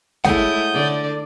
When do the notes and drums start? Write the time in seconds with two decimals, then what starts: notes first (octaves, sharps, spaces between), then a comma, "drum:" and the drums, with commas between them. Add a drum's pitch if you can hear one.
0.25 G#3 A3 E4 C#5 F#5 D#6 G6, drum: snare
0.73 D3 D5